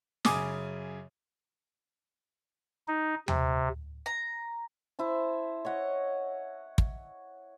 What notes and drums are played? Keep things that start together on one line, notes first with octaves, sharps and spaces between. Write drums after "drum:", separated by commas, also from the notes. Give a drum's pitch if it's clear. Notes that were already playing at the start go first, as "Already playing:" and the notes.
F#2 C#3 G#5 D6 D#6, drum: snare
D#4
C3, drum: tom D#2
A#5
E4 C5 A5
C#5 D#5 F#5
drum: kick